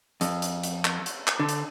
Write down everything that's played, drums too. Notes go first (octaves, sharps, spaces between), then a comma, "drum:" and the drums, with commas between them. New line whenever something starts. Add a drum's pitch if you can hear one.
F2, drum: hi-hat
drum: hi-hat
drum: hi-hat
drum: clap
drum: hi-hat
drum: clap
D3
drum: hi-hat